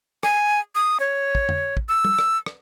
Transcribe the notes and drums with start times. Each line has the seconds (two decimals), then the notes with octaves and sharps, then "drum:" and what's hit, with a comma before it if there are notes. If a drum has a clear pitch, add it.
0.23 G#5, drum: rim click
0.75 D#6
1.00 C#5
1.35 drum: kick
1.49 drum: tom F2
1.77 drum: kick
1.89 E6
2.05 drum: tom
2.19 drum: rim click
2.46 drum: rim click